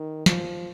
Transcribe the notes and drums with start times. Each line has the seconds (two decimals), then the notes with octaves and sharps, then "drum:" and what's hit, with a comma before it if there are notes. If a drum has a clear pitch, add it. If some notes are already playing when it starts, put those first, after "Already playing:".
Already playing: D#3
0.26 F3, drum: snare